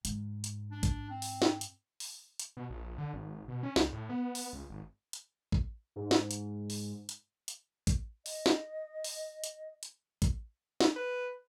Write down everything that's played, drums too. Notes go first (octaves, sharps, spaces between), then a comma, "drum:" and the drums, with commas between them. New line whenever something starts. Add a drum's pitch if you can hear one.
G#2, drum: hi-hat
drum: hi-hat
D4
drum: kick A1, hi-hat
C4
drum: open hi-hat
drum: snare
drum: hi-hat
drum: open hi-hat
drum: hi-hat
B2
A#1
D3
G#1
B2
C#4
C#2, drum: snare
A2
B3
drum: open hi-hat
C#2
G#1
drum: hi-hat
drum: kick A1
G#2
drum: snare
drum: hi-hat
drum: open hi-hat
drum: hi-hat
drum: hi-hat
drum: kick A1, hi-hat
D#5, drum: open hi-hat
drum: snare
drum: open hi-hat
drum: hi-hat
drum: hi-hat
drum: kick A1, hi-hat
drum: snare
B4